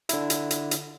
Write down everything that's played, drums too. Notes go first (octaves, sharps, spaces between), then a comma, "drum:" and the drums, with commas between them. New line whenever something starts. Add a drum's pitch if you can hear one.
D3 E4, drum: hi-hat
drum: hi-hat
drum: hi-hat
drum: hi-hat